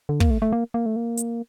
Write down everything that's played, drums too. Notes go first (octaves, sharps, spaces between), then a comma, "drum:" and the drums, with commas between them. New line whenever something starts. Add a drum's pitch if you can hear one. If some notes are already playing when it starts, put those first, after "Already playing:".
D3
A#3, drum: kick
A3
A3
A#3
A#3
A3
A#3
drum: hi-hat